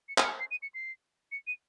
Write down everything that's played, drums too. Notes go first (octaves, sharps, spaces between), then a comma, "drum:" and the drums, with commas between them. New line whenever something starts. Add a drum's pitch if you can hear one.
C#7
D#7, drum: clap
C#7
C7
D#7
C#7
C7
C#7
D#7